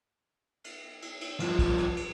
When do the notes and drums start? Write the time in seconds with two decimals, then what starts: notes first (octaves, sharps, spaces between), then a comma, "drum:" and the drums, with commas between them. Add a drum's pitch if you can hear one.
0.64 drum: cymbal
1.02 drum: cymbal
1.21 drum: cymbal
1.40 G2 F3, drum: cymbal
1.59 drum: kick, cymbal
1.78 drum: cymbal
1.97 drum: cymbal